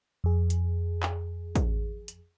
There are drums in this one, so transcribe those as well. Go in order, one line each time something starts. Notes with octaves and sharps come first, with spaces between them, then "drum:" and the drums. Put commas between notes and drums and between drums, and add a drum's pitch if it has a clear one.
F2 G#4
drum: hi-hat
drum: clap
drum: kick, hi-hat
drum: hi-hat